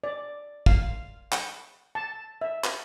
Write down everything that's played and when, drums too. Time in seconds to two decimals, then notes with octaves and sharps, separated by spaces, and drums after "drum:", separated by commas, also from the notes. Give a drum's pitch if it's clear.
0.04 D5
0.66 F5, drum: kick
1.32 drum: clap
1.95 A5
2.41 E5
2.64 drum: clap